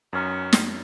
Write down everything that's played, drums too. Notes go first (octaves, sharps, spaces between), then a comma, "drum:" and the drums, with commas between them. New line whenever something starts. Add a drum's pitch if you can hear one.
F#2 D#3 B3 C#4
drum: snare